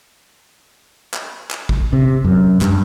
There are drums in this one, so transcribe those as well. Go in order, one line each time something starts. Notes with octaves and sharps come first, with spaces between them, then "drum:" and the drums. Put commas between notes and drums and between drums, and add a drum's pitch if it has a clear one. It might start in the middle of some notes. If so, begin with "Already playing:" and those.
drum: clap
drum: clap
drum: kick G#1
C3
F#2
G2, drum: clap